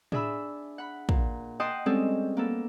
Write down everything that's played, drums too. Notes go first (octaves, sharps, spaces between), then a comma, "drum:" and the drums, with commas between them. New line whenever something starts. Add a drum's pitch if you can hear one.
D4 G#4 E5 B5 E6, drum: tom A2
F#5 B5
A#2, drum: kick
D#5 F#5 G5 A5 C6 D#6
G3 G#3 C4 C#4 G#4 A4
A#3 B3 A4